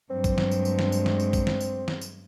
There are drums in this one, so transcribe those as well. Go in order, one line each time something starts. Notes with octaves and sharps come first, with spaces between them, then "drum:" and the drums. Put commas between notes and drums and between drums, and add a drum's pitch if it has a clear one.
G2 F#3 G#3 C4
drum: kick, tambourine
drum: snare
drum: tambourine
drum: tambourine
drum: snare
drum: tambourine
drum: snare
drum: tambourine
drum: kick, tambourine
drum: snare
drum: tambourine
drum: snare
drum: tambourine